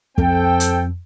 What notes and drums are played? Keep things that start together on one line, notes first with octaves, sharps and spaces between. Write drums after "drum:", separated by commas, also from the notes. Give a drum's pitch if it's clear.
F2 C4 A4 G5, drum: kick
drum: hi-hat